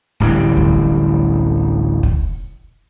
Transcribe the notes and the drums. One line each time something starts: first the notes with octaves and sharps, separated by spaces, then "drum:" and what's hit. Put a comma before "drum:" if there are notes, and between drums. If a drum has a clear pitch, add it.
D1 A1 E3 G3
drum: kick
drum: kick